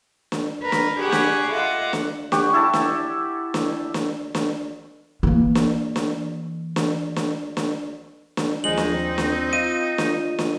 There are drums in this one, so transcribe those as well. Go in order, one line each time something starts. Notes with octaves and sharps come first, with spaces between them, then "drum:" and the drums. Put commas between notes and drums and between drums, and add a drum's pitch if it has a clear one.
drum: snare
A#4 B4
drum: snare
G4 G#4 F#5 B5 C#6
drum: snare
F4 A4 D#5 E5 F#5 D6
drum: snare
G4 F#5 C#6, drum: snare
E4 A4 A5
drum: snare
drum: snare
drum: snare
drum: snare
E3 A#3
drum: snare
drum: snare
drum: snare
drum: snare
drum: snare
drum: snare
D#2 F3 G#3 D#4 F#7
drum: snare
C4
drum: snare
F4 D#5 D#7
drum: snare
drum: snare